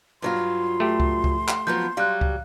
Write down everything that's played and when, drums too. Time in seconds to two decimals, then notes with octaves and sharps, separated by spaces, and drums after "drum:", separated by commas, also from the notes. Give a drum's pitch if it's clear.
0.22 G2 F#3 F4 C6
0.80 A3 G4
1.00 drum: kick C#2
1.24 drum: kick C#2
1.48 drum: clap
1.67 F3 F#3 B3 G6
1.97 F#3 G3 F5 F#6
2.21 drum: kick C#2